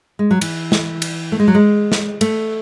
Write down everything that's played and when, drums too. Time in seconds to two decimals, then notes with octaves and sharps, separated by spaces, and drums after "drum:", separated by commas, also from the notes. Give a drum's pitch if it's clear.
0.19 G#3
0.31 F#3
0.41 E3, drum: cymbal
0.72 drum: snare
1.02 drum: cymbal
1.32 A3
1.39 G#3
1.48 F#3
1.55 G#3
1.92 drum: snare
2.21 A3, drum: cymbal